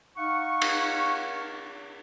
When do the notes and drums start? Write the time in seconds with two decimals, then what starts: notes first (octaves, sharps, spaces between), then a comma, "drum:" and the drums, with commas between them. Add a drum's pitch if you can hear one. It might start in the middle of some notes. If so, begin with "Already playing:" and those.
0.17 D#4 F5 F#5 C#6
0.62 drum: cymbal